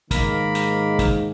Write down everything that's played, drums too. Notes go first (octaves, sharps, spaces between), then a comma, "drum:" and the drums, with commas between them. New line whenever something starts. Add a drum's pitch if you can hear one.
G#2 D#3 A#3 A#4 B5, drum: kick, hi-hat
drum: hi-hat
drum: kick, hi-hat